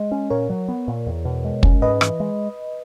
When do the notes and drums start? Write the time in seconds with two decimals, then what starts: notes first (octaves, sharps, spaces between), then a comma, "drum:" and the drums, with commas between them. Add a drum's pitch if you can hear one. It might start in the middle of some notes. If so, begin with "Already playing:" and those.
Already playing: G#3
0.12 C#4
0.30 A#2 A#4 C#5
0.49 F#3
0.68 B3
0.88 A#2
1.07 E2
1.25 B2
1.45 G#3
1.63 C#4, drum: kick
1.82 G#2 B4 D#5
2.01 E3, drum: rim click
2.20 G#3